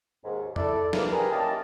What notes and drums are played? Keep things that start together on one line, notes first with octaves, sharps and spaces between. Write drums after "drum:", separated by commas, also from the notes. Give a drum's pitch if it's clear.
D#2 G#2
E4 A4 D5, drum: tom
E2 G2 B2 F3 A#3, drum: snare
G4 G#4 A#4 B4
A#3 C#4 E4 D#5 G5 A5